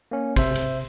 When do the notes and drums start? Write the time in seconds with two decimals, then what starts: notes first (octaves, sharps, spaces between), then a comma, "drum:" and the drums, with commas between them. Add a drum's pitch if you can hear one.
0.11 A#3 C#4
0.36 C3 C5 E5, drum: kick, cymbal
0.55 drum: cymbal